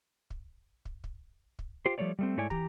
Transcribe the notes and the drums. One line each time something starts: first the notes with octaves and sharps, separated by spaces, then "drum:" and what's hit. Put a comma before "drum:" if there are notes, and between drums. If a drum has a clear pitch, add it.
drum: kick
drum: kick
drum: kick
drum: kick
F4 G4 C5
F3 G3 A3 C#5 D5
G3 A3 C4
G#2 A3 E4 C#5 D5 G#5
E3 G4 A#5, drum: kick